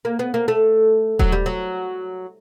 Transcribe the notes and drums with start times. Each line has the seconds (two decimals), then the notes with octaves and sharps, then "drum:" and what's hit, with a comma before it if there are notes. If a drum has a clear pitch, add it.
0.05 A#3
0.19 B3
0.34 A#3
0.48 A3
1.19 F#3, drum: kick D#1
1.32 G3
1.46 F#3